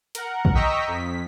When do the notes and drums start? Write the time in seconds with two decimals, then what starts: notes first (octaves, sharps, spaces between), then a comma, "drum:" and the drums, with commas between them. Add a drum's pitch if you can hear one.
0.15 A#4 F#5, drum: hi-hat
0.45 drum: kick
0.55 D#5 G5 A#5 C#6 E6 B6
0.88 F2 B6